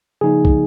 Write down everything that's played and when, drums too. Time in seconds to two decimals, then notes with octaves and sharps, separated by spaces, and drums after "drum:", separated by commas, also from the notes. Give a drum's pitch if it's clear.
0.21 C#3 F3 A#3 D#4 G#4
0.45 drum: kick